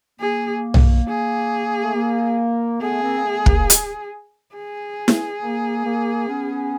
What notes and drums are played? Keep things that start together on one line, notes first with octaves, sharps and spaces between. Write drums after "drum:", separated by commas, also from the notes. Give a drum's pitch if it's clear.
A#3 G#4
drum: tom
G#4
A3
A#3
A3 B3 G#4
A#3 C4
A#3
A3 B3
A#3, drum: kick
drum: hi-hat
G#4
drum: snare E4
A#3
A#3
B3 C#4